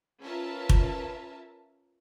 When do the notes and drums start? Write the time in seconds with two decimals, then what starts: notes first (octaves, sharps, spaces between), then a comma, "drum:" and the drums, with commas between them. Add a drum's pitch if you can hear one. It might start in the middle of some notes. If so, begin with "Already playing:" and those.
0.23 C#4 F4 A#4 B4 E5 A5
0.69 drum: kick